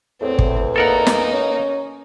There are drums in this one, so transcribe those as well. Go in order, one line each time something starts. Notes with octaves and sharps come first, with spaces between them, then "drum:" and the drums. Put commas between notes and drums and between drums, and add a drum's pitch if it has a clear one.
E2 A2 C4
drum: kick
A#3 D#4 A4 A#4 F#5
drum: snare
C#4